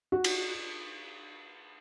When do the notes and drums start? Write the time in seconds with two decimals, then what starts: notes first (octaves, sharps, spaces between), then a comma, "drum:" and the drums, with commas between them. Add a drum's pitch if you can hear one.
0.12 F#4
0.24 drum: cymbal